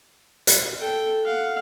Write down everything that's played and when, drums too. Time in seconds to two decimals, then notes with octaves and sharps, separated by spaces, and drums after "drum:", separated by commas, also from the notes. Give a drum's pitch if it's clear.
0.47 drum: hi-hat
0.80 A4 G5
1.25 F5 F#5